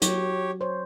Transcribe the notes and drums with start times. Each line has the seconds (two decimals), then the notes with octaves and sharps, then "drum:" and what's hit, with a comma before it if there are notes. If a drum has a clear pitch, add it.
0.02 F#3 G4 C#5, drum: hi-hat
0.61 C5 C#5